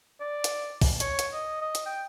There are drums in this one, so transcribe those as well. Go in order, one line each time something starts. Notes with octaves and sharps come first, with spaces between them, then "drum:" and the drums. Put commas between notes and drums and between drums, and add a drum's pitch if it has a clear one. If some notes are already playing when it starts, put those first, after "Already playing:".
D5
drum: hi-hat
drum: kick, open hi-hat
C#5, drum: hi-hat
drum: hi-hat
D#5
D#5
drum: hi-hat
G5